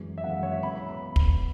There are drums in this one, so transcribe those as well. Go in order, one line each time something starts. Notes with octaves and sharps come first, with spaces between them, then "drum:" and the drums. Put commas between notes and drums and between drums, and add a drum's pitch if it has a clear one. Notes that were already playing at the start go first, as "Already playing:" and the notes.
Already playing: F#2 E3 G#3 B3
E5
F#2 E3 G#3 B3 F#5
E5
C#5
E5
B2 B3 B5
B5
drum: kick